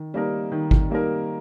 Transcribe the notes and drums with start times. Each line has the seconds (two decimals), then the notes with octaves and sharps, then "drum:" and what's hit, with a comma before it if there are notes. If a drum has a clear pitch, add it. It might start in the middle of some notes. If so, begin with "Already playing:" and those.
Already playing: D#3
0.14 G3 A#3 D#4 A#4
0.52 D#3
0.71 drum: kick G#1
0.90 G3 A#3 D#4 A#4